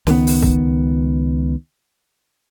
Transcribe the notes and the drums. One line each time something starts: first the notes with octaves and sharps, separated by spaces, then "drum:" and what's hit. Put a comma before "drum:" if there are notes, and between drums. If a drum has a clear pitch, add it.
C#2 D#3 F#3 B3, drum: snare
drum: open hi-hat
drum: kick C2